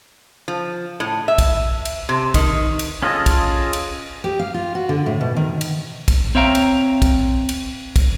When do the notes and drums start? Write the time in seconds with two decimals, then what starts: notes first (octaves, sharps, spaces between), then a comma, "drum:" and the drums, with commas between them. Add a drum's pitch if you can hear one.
0.48 F3
1.00 A2
1.28 E5
1.38 drum: kick, cymbal
1.85 drum: cymbal
2.09 C3
2.34 D#3, drum: kick, cymbal
2.79 drum: cymbal
3.03 C#4 F4 G#4 A4 D#5
3.26 drum: kick, cymbal
3.73 drum: cymbal
4.24 G4
4.39 F5
4.54 F4
4.75 F#4
4.89 D3
5.06 A2
5.21 B2
5.36 D#3
5.61 drum: cymbal
6.08 drum: kick, cymbal
6.35 C4 C#5 E5 F5 G5 A#5
6.55 drum: cymbal
7.02 drum: kick, cymbal
7.49 drum: cymbal
7.96 drum: kick, cymbal